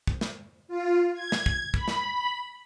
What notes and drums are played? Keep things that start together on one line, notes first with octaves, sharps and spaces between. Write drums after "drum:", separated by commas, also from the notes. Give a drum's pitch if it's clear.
drum: kick
drum: snare
F4
G#6
drum: snare
drum: kick
B5, drum: kick
drum: snare